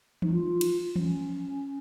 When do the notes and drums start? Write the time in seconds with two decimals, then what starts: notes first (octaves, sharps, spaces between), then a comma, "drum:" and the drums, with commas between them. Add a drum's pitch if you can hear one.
0.22 D#4, drum: tom E3
0.32 F4
0.61 drum: cymbal
0.96 C#4, drum: tom E3